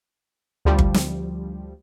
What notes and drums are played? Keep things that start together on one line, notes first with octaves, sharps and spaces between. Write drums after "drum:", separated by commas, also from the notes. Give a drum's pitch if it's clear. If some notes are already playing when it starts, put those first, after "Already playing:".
D2 F3 G3
drum: kick G1
drum: snare